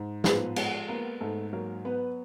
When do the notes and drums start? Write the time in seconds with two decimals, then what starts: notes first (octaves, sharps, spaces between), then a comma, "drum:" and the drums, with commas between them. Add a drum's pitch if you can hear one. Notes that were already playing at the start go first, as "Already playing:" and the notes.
Already playing: G#2
0.24 F3 B3 B4, drum: snare G#4
0.56 G#3, drum: cymbal
0.88 A#3 B3 A#4
1.21 G#2 A3 A4
1.53 F#3 A#3 A#4
1.85 B3 B4